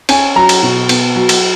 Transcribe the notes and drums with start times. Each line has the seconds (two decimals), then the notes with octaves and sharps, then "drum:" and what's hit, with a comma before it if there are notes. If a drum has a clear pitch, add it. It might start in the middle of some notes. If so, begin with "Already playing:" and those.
0.09 C#4 G#5, drum: cymbal
0.36 F#3 A#5
0.49 drum: cymbal
0.63 B2
0.89 B3, drum: cymbal
1.16 F#3
1.29 drum: cymbal